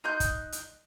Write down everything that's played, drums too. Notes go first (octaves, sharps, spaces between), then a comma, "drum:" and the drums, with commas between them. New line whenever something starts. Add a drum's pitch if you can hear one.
D#4 C6 F#6 G6
drum: kick, hi-hat
drum: hi-hat